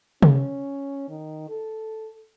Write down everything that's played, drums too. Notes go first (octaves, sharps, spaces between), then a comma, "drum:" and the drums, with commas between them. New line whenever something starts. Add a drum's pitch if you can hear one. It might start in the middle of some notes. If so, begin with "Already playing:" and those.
C#4, drum: tom C3
D#3
A4